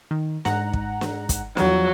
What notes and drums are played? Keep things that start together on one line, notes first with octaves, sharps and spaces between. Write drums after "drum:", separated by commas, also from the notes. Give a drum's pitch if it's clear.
D#3
G#2 F#5 A#5, drum: snare
drum: kick
drum: snare
drum: kick, hi-hat
E2 F3 F#3, drum: snare